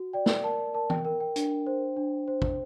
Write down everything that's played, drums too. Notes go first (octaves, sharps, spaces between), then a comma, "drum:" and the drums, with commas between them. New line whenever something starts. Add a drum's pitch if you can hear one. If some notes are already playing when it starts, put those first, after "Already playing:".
Already playing: F#4
D5 G5
drum: snare
A#4 A5
A#4 A5
G5, drum: tom E3
A#4 G5
G5
D4, drum: hi-hat
C5
D4
C5
drum: kick